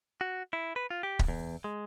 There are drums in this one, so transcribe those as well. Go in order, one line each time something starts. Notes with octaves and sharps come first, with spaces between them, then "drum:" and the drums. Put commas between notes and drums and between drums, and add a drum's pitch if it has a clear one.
F#4
E4
B4
F4
G4
drum: kick
E2
G#3